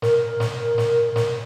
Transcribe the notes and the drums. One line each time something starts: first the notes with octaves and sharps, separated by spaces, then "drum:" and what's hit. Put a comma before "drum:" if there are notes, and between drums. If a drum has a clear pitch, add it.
A#4, drum: snare
drum: snare
drum: snare
drum: snare